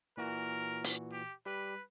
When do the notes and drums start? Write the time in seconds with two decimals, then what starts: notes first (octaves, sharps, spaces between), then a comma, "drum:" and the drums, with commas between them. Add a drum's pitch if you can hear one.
0.17 A#2 E3 F#4 A#4
0.84 drum: hi-hat
1.12 G4
1.46 G3 G4 B4